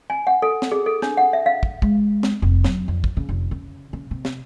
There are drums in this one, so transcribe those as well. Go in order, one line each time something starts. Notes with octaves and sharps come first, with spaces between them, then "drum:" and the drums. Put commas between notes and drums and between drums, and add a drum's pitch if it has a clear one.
G#5
F#5
A4
drum: snare
G#4
A4
D4, drum: snare
F#5
E5
F5
drum: kick
G#3, drum: kick
drum: snare
F1
F#3, drum: snare
F2
drum: kick
C#3
F1
C#3
C#3
C3
drum: snare